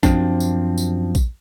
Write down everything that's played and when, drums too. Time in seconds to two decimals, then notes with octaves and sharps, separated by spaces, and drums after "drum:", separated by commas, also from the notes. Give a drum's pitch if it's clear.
0.03 F#2 F3 C4 D4, drum: kick A#1, tambourine
0.40 drum: tambourine
0.78 drum: tambourine
1.15 drum: kick A#1, tambourine